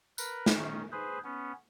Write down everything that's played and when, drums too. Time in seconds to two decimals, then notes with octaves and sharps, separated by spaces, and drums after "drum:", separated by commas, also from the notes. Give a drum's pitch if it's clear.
0.18 A#4 B4, drum: tambourine
0.46 drum: snare
0.56 D#3 C#4
0.92 G#4 B4 C5
1.24 B3 C#4